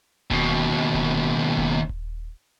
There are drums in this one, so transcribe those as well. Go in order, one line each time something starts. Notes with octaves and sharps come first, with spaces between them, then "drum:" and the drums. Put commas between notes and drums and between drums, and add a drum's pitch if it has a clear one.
D#2 B2, drum: kick D#1
drum: kick D#1
drum: kick D#1
drum: kick D#1